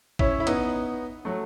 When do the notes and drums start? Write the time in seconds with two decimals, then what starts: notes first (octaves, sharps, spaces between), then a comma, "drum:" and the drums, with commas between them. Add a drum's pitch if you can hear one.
0.19 C#4 E4, drum: kick
0.40 E4
0.47 B3 D#4, drum: hi-hat
1.25 F#3 A3